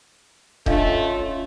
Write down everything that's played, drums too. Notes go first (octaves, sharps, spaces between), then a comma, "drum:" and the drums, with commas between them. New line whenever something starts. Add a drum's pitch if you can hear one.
A3 C#4 D4 F4 D#5 F5, drum: kick D#1